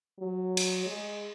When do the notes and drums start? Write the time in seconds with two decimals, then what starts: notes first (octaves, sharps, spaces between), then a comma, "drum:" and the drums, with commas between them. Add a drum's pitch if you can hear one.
0.19 F#3
0.57 drum: cymbal
0.86 G#3